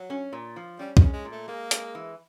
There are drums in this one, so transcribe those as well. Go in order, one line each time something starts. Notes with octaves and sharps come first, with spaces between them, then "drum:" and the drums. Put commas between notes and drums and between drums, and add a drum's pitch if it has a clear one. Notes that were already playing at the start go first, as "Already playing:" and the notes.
Already playing: F#3
C#4
A#2
F3
G3 C#4
G#3, drum: kick
C#4
G#3
A#2
A3
G#3 A#3
G#3, drum: hi-hat
E3